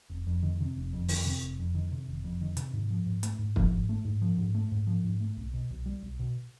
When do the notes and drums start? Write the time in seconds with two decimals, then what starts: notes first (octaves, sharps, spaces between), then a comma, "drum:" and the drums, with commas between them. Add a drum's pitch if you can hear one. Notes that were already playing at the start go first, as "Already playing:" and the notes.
0.10 F1
0.27 F2
0.43 D#3
0.60 C3
0.76 F1
0.93 F2
1.08 D#3, drum: open hi-hat
1.25 C3
1.41 F1
1.58 F2
1.74 D#3
1.92 C3
2.08 F1
2.24 F2
2.41 D#3
2.57 C3, drum: hi-hat
2.74 G#2
2.90 F3
3.06 G#2
3.23 A3, drum: hi-hat
3.39 G#2
3.56 F3, drum: kick
3.72 G#2
3.89 A3
4.05 G#2
4.21 F3
4.38 G#2
4.55 A3
4.72 G#2
4.87 F3
5.04 G#2
5.20 A3
5.37 B1
5.54 B2
5.70 B1
5.86 G3
6.03 B1
6.20 B2